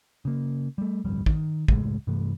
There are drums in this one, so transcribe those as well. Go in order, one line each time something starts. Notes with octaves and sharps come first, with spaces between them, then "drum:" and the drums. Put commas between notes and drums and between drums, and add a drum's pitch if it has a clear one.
C#3 A#3
G3 A3
D1 G1 F2 G3
D#3, drum: kick
F#1 C#2 A2 G#3, drum: kick
G2 C3 E3 A3